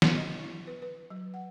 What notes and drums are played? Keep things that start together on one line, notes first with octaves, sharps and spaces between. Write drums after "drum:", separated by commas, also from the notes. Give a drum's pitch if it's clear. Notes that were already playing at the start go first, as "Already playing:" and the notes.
F#4, drum: snare
D#5
E4
B4
B4
F#3
F#5